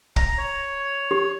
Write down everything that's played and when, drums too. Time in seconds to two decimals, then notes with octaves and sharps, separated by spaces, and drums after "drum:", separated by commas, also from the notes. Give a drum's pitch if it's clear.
0.16 A#5, drum: kick
0.38 C#5
1.11 G4